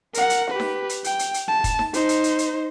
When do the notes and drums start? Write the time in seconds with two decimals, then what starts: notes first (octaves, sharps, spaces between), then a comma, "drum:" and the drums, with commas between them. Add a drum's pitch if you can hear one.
0.14 A#4 F#5, drum: hi-hat
0.30 drum: hi-hat
0.50 G4 B4
0.60 drum: snare D#4
0.89 drum: hi-hat
1.04 G5, drum: hi-hat
1.19 drum: hi-hat
1.34 drum: hi-hat
1.48 A5
1.64 drum: kick, hi-hat
1.79 drum: snare D#4
1.94 D#4 C5, drum: hi-hat
2.09 drum: hi-hat
2.24 drum: hi-hat
2.39 drum: hi-hat